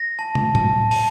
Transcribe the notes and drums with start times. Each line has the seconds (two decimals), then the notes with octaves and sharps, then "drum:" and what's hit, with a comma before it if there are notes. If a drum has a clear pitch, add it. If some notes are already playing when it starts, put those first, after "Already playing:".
Already playing: A#6
0.19 A5
0.35 drum: tom
0.55 A5, drum: tom
0.91 A5, drum: open hi-hat